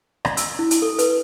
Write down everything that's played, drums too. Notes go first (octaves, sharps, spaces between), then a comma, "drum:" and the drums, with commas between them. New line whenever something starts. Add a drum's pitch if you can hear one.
D5, drum: rim click
E6, drum: hi-hat
E4
drum: hi-hat
A4
B4, drum: hi-hat